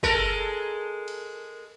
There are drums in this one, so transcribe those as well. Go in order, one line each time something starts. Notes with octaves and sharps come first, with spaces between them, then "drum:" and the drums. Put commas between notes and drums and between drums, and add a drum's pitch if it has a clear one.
G#3 A4 A#4, drum: kick
drum: cymbal